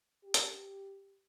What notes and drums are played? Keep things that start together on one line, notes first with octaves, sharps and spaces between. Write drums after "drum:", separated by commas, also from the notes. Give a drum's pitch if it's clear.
G4
drum: hi-hat